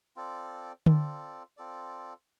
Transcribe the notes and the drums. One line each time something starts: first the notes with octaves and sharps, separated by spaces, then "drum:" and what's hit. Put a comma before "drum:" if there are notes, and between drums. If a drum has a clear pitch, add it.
C4 F4 A4 D5
C4 F4 A4 D5, drum: tom D3
C4 F4 A4 D5